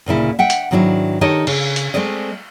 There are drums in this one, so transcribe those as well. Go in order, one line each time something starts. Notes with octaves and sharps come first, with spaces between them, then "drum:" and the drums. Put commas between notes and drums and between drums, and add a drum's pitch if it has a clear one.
D2 A#2 C#3 E4
E5 F#5 G5
drum: hi-hat
G#2 D#3 F#3 D4 E4
D#3 D#4 G4 A4 C#5 D#5
C#3, drum: cymbal
drum: hi-hat
G#3 A3 C4 D5 D#5